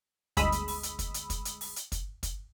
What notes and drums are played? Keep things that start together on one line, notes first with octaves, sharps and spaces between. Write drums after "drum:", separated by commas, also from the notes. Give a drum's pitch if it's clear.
G1 D2 G#3 B5 D#6 E6, drum: kick, hi-hat
drum: hi-hat
drum: open hi-hat
drum: hi-hat
drum: kick, hi-hat
drum: hi-hat
drum: kick, hi-hat
drum: hi-hat
drum: open hi-hat
drum: hi-hat
drum: kick, hi-hat
drum: kick, hi-hat